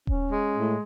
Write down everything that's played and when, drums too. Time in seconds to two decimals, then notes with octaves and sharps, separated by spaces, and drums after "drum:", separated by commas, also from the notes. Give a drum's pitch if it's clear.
0.07 C#4, drum: kick D#1
0.30 G#3
0.55 A2